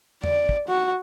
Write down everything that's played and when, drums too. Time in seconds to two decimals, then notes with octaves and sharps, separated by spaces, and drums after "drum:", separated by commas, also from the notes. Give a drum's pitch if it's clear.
0.24 D5, drum: tom E2
0.49 drum: kick
0.68 F#4